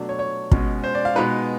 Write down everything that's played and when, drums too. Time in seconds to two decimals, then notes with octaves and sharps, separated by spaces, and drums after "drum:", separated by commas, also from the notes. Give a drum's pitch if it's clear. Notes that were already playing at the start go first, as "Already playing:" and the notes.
Already playing: B2 F#3 A3 D4
0.09 C#5
0.19 C#5
0.51 B2 G#3 C#4, drum: kick
0.84 C5
0.95 D5
1.05 F5
1.15 B2 G#3 B3 D#4 B4